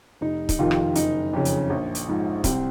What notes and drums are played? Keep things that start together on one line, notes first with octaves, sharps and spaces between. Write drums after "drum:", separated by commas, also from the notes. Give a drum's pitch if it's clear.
F1 D#4
D#4, drum: kick, hi-hat
F2 C3 D#3 F4
drum: rim click
F#1 D#4, drum: hi-hat
F2 C#3
drum: hi-hat
A#1
drum: hi-hat
G#2 F3
C2 C4, drum: kick, hi-hat